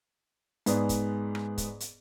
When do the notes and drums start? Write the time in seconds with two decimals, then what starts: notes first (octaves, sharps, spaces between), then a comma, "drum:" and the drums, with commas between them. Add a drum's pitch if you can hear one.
0.66 G#2 B3 G#4 D5, drum: hi-hat
0.89 drum: kick, hi-hat
1.35 drum: rim click
1.58 drum: kick, hi-hat
1.80 drum: hi-hat